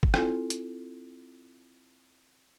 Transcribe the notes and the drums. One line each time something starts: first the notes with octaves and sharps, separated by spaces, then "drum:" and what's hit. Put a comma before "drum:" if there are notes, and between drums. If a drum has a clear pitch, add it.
drum: kick
C4 E4 F4 A4 G#5, drum: rim click
drum: hi-hat